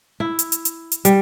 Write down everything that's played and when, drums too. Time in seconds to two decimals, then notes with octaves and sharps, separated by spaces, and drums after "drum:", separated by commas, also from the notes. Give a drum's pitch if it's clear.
0.20 E4
0.39 drum: hi-hat
0.52 drum: hi-hat
0.65 drum: hi-hat
0.92 drum: hi-hat
1.05 G3, drum: hi-hat